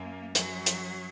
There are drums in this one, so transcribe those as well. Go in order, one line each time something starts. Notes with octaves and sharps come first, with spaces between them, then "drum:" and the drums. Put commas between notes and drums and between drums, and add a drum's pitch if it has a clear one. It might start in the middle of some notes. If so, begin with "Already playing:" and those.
Already playing: F#2 A#3
F#2 F#3, drum: hi-hat
drum: hi-hat